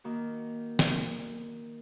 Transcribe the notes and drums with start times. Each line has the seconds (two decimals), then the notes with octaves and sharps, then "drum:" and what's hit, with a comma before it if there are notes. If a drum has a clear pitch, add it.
0.04 D#3 A#3 F#4
0.79 drum: snare